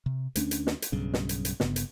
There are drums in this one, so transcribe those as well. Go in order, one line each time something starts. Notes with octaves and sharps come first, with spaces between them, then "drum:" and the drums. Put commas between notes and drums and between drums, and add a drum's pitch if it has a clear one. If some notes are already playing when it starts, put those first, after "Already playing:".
C3
D2 A3 C#4 D4, drum: hi-hat
drum: hi-hat
drum: snare
drum: hi-hat
B1 G2 C#3
drum: snare
drum: hi-hat
drum: hi-hat
G1 G2 C#3 B3, drum: snare
drum: hi-hat